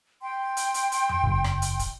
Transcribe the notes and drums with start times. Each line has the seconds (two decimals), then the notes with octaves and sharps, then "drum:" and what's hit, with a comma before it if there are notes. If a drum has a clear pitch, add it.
0.22 G5 C6
0.57 drum: hi-hat
0.74 drum: hi-hat
0.92 drum: hi-hat
1.09 drum: tom F2
1.24 F#1
1.44 drum: rim click
1.62 drum: hi-hat
1.79 drum: kick, hi-hat